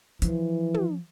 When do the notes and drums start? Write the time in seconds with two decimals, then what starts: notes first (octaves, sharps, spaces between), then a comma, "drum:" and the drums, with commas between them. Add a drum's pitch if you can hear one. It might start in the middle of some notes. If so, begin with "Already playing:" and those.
0.22 E3 F3, drum: hi-hat
0.74 drum: tom